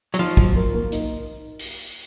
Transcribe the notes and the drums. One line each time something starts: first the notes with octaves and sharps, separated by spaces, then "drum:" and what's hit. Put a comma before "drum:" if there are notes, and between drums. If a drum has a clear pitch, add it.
F#3, drum: hi-hat
F3 D#4
F#3, drum: kick
A#4
A#3
D#4, drum: hi-hat
drum: open hi-hat